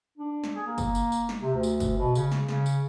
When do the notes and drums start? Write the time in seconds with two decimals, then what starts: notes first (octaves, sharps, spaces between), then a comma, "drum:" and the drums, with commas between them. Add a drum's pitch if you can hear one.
0.17 D4
0.44 drum: snare
0.55 G#4
0.66 A#3
0.78 drum: kick, tambourine
0.95 drum: tambourine
1.12 drum: tambourine
1.29 drum: snare
1.42 C3
1.54 D2
1.63 drum: tambourine
1.80 drum: kick, tambourine
1.97 B2
2.15 C#3, drum: tambourine
2.32 drum: snare
2.49 C#3, drum: snare
2.66 drum: tambourine